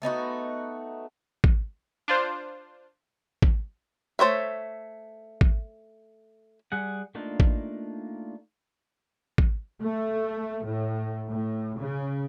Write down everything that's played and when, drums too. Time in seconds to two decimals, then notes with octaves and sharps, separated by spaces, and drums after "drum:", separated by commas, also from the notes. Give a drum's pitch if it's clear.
0.02 A3 B3 D#4 F#4
1.44 drum: kick
2.08 D4 F4 C5
3.42 drum: kick
4.19 A3 C5 C#5 E5
5.41 drum: kick
6.72 G3 G#4 F#5
7.15 A3 A#3 D4 D#4 F4
7.40 drum: kick
9.38 drum: kick
9.82 A3
10.66 A2
11.29 A2
11.79 C#3